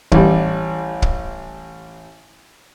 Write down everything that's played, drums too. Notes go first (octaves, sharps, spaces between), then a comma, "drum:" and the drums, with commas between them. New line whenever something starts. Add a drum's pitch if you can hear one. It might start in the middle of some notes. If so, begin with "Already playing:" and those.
A1 G3, drum: kick
drum: kick